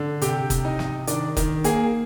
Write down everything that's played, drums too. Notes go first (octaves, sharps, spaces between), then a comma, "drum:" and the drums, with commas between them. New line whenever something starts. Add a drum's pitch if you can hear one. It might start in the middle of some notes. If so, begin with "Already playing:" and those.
Already playing: D3
C3 G4 G5, drum: hi-hat
C3, drum: kick F#1, hi-hat
D#4 D#5
C3, drum: snare
D#3 D4 D5, drum: hi-hat
D#3, drum: kick F#1, hi-hat
A#3 G#4, drum: hi-hat